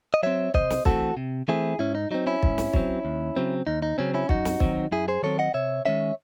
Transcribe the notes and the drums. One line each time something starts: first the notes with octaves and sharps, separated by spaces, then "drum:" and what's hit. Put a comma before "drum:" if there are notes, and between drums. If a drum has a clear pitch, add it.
D#5
F#3 C4 C#5 E5
C3 C5 D#5, drum: kick
drum: snare
E3 A3 C4 F#4 A4, drum: kick
C3
E3 A3 C4 E4 G#4
G#2 C#4 E4
D#4
F#3 C4 D#4
C#4 E4
G#2, drum: kick
drum: snare
F#3 C4, drum: kick
D#2
C#3 F#3 C4
D#2 D#4
D#4
C#3 F#3 C4 C#4
C#4 E4
F#2 D#4 F#4, drum: kick
drum: snare
D#3 F#3 C4, drum: kick
F#2 E4 G#4
G#4 C5
D#3 F#3 C4 A4 C#5
D#5 F#5
C3 C#5 E5
D#3 G#3 C#4 C#5 E5